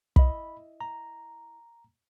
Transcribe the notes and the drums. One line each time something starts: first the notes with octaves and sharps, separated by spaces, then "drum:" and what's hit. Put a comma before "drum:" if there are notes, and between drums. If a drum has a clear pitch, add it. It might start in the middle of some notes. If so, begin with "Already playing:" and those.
E4 D#5 B5, drum: kick
A#5